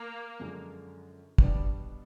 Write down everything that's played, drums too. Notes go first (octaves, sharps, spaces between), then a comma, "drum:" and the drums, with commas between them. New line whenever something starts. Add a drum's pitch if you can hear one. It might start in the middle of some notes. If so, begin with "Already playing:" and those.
Already playing: A#3
F#2 D3 F3 G#3
B2 G3 B3 D4, drum: kick